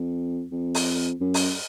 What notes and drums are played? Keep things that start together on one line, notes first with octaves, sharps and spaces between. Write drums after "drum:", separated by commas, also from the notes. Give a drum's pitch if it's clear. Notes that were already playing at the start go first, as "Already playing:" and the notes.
Already playing: F2
F2
drum: open hi-hat
F#2
drum: open hi-hat